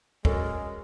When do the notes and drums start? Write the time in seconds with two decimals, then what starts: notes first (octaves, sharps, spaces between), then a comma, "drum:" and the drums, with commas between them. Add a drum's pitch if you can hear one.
0.25 G#3 C#4 F#4 A4 A#4 C#5 D5, drum: kick